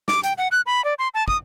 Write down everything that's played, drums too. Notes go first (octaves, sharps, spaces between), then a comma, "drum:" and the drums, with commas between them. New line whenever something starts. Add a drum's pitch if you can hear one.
D6, drum: snare
G5, drum: hi-hat
F#5
F#6
B5
D5
C6
A5
D#6, drum: kick